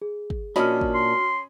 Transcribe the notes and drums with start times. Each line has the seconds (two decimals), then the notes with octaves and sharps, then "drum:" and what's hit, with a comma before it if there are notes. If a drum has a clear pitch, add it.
0.02 G#4
0.30 drum: kick
0.56 A#2 C#4 D4 F#4 D#5 B5 F6, drum: snare
0.81 drum: kick
0.94 C6